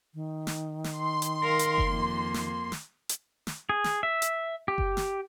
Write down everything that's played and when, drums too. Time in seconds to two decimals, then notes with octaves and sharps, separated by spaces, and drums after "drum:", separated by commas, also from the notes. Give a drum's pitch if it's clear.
0.14 D#3
0.47 drum: snare
0.84 drum: snare
0.97 C6
1.22 drum: hi-hat
1.43 A#4 F5
1.59 drum: hi-hat
1.78 drum: kick F#1
1.88 F2 A#3
2.34 drum: snare
2.72 drum: snare
3.09 drum: hi-hat
3.47 drum: snare
3.69 G#4
3.84 drum: snare
4.03 E5
4.22 drum: hi-hat
4.68 G4
4.78 drum: kick F#1
4.97 drum: snare